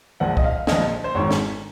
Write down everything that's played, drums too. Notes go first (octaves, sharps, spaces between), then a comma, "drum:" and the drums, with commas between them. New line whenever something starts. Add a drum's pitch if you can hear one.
A#1 A#2 F3 F#5
D#5, drum: kick C2
F5
A#1 A#2 F3 D#5, drum: snare
C5
G#1 G#2 D#3 C#5
drum: snare